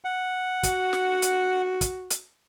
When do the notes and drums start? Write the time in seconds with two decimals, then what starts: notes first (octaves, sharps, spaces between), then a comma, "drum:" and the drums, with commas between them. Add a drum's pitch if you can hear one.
0.05 F#5
0.63 F#4, drum: kick, hi-hat
0.93 drum: snare
1.22 drum: hi-hat
1.81 drum: kick, hi-hat
2.10 drum: hi-hat